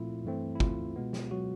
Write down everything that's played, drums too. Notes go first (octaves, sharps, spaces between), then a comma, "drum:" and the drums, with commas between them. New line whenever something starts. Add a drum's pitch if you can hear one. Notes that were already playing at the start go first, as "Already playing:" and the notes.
Already playing: A#2 F3 A3 C4 E4 F4
G2 E3 A3 C4
E4
F4, drum: kick
B2 G#3 B3
drum: snare
F#3 F#4